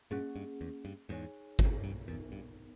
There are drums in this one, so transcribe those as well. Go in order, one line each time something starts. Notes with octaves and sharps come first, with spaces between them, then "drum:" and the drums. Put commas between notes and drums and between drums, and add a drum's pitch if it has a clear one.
G2 A#2 A#3 C#4 G#4
G2
E2
G2
E2 G#2 D#4 G#4 C#5 G#5
G2, drum: kick G1
G2
E2 B3 D#4 A#4
G2